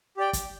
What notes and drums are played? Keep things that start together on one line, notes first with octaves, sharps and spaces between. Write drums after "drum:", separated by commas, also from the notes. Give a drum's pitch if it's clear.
G4 D5 G5
drum: kick G1, hi-hat